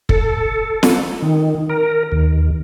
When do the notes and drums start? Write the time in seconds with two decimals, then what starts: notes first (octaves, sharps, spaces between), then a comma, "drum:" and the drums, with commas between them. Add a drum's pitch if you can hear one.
0.09 A4, drum: kick
0.83 drum: snare
1.22 D#3
1.69 A#4
2.12 D#2